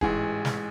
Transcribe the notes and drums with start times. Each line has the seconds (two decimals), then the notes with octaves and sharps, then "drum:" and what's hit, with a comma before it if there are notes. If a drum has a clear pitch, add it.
0.01 A1 G#2 E3 G#4, drum: kick E1
0.45 drum: snare